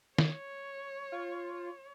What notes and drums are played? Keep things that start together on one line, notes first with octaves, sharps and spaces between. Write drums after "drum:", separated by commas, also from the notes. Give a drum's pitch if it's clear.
C#5, drum: snare D#3
F4